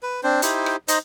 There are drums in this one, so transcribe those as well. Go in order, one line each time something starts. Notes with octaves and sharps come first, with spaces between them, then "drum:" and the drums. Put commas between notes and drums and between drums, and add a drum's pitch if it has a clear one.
B4
C4 D4 C5
D#4 E4 G4 C5, drum: hi-hat
drum: rim click
D#4 C5 D#5, drum: hi-hat